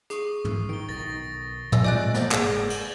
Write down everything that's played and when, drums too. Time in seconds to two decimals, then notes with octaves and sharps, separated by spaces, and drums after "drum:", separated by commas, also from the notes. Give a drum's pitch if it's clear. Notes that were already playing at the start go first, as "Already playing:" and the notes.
0.10 G#4 C#6 D#6 C7, drum: hi-hat
0.45 drum: tom
0.69 D#3 D7 G7
0.89 B1 D#3 A6 A#6
1.72 E5 E6, drum: tom
1.85 G#2 C3 F3 D5 D#5 G#5 F#6 G6
2.14 drum: snare
2.31 F#1 G#2 A#3 G#4 F#5 G#6, drum: clap
2.70 drum: cymbal